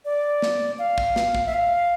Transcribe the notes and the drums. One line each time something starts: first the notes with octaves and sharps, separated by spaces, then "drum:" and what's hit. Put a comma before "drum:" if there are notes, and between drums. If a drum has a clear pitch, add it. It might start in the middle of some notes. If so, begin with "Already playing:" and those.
D5
drum: snare
F5
drum: kick
drum: snare
drum: kick
E5
F5